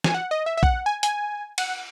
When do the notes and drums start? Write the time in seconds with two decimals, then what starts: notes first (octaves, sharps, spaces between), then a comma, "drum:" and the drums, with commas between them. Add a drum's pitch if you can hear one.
0.04 G#5, drum: snare
0.14 F#5
0.31 D#5
0.46 E5
0.57 E5
0.63 F#5, drum: kick A#1
0.86 G#5
1.03 G#5, drum: hi-hat
1.58 F#5, drum: cymbal